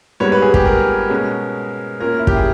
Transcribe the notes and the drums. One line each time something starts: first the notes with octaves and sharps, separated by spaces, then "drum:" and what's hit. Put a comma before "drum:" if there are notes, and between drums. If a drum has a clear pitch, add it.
G#2 G3 B3 C#5
B4
G#4
G4, drum: kick
A#4
B2 G#3 C#4
A#2 A#3 C#4 A#4
E4
G4, drum: kick
G#4